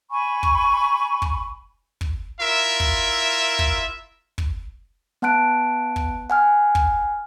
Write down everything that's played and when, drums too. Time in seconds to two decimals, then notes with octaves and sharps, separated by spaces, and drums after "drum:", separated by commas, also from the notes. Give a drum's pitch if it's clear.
0.11 G#5 B5 C#6
0.43 drum: kick
1.22 drum: kick
2.01 drum: kick
2.40 E4 F4 A#4 E5
2.80 drum: kick
3.59 drum: kick
4.38 drum: kick
5.22 B3 F#5 A5 F#6 D7
5.96 drum: kick
6.30 F#5 G#5 F6
6.75 drum: kick